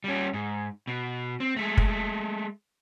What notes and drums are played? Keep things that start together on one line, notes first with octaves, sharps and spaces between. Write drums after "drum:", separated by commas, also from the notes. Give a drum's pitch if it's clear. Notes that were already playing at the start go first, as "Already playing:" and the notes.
G3 C#4
G#2
B2
C4
G#3 A3
drum: kick